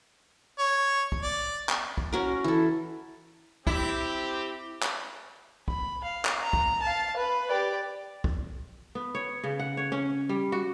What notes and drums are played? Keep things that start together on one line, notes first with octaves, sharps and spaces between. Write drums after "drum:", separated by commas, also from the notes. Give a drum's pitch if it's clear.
C#5
drum: kick
D5
drum: clap
drum: kick
C#4 F#4 A#4
E3 A4
C4 E4 G4, drum: kick
drum: clap
B5, drum: kick
F5
drum: clap
A#5
drum: kick
F5 A5
B4
G4 D5
drum: kick
B3
C#5
C#3
F#5
C#5
C#4
G3
F#4